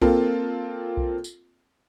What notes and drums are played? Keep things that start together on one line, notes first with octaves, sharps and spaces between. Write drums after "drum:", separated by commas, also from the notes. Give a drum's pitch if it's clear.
A#3 C4 F4 A4, drum: kick B1
drum: kick B1
drum: tambourine